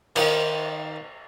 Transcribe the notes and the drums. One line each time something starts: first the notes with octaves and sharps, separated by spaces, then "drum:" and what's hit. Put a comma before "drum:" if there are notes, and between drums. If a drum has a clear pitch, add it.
D#3 C5 D5 F5, drum: cymbal